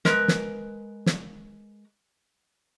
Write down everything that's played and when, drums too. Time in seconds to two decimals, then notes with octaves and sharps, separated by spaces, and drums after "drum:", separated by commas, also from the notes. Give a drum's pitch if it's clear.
0.05 G#3 A#4 B4, drum: snare
0.28 drum: snare
1.06 drum: snare